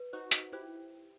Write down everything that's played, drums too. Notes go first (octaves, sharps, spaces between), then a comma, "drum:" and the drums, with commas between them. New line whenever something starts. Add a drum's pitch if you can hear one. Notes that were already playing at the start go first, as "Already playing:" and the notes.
Already playing: B4
D#4 F#4 C5
drum: hi-hat
E4 G4 C5